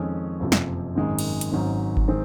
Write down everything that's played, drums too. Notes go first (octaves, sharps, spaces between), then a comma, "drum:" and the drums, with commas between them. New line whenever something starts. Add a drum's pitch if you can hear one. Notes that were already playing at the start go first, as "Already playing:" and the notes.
Already playing: F2 D#3 G#3 C#4
F#1 F2 C3 F3
drum: snare
G#1 F#2 D#3 G#3
drum: cymbal
drum: hi-hat
G#1 G#2 F#3 C#4
drum: kick G1
D#3 G#3 C4